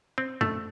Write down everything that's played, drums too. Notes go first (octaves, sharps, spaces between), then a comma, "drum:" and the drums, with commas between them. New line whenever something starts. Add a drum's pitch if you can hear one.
C4
A3, drum: tom